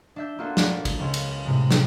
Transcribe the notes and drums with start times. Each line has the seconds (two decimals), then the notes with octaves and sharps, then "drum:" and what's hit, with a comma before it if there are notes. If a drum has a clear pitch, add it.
0.16 D4 E5 G6
0.38 A#3 B3 D4 F4 F#4 A4
0.57 drum: snare
0.85 drum: kick, cymbal
0.99 C#2 C#5
1.14 drum: cymbal
1.45 A2 C3 G#3
1.71 drum: snare